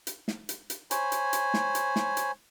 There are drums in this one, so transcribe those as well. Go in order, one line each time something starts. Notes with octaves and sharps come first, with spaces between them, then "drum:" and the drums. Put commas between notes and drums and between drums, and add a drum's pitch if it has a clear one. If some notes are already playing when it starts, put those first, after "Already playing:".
drum: hi-hat
drum: snare
drum: hi-hat
drum: hi-hat
C5 C#5 G#5 B5, drum: hi-hat
drum: hi-hat
drum: hi-hat
drum: snare
drum: hi-hat
drum: snare
drum: hi-hat